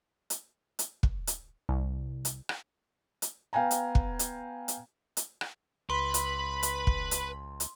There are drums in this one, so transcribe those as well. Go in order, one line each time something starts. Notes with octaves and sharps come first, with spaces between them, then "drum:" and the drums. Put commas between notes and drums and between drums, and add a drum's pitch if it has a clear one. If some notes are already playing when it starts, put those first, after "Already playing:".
drum: hi-hat
drum: hi-hat
drum: kick
drum: hi-hat
C2
drum: hi-hat
drum: rim click
drum: hi-hat
B3 F5 G5 G#5 A#5
drum: hi-hat
drum: kick
drum: hi-hat
drum: hi-hat
drum: hi-hat
drum: rim click
C#2 B4 B5 C6
drum: hi-hat
drum: hi-hat
drum: kick
drum: hi-hat
drum: hi-hat